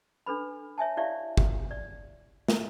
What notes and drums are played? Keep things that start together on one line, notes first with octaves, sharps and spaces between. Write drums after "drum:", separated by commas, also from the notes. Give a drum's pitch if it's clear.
D4 A4 B4 B5
C#5 E5 G#5 A5
E4 G4 C#5 D5 E5 F5
drum: kick
D5
drum: snare